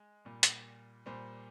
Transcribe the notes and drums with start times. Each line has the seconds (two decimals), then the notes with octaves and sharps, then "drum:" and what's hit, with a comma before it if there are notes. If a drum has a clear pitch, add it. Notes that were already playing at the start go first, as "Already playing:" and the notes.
Already playing: G#3
0.25 A#2 G3
0.43 drum: hi-hat
1.06 A#2 G3 C5